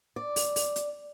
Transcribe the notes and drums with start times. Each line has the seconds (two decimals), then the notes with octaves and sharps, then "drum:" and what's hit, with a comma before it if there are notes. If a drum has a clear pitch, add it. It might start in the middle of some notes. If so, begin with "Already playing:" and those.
0.16 D5
0.36 drum: open hi-hat
0.56 drum: open hi-hat
0.76 drum: hi-hat